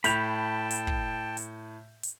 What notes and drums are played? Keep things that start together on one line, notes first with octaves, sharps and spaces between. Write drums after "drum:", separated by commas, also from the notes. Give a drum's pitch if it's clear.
A2 G5 A5 B5 G6 F7, drum: hi-hat
drum: hi-hat
drum: kick
drum: hi-hat
drum: hi-hat